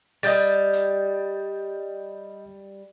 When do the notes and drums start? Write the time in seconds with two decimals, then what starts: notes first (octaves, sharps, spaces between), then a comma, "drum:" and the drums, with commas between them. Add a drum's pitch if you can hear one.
0.23 G3 D#5 G6 A6, drum: open hi-hat
0.73 drum: hi-hat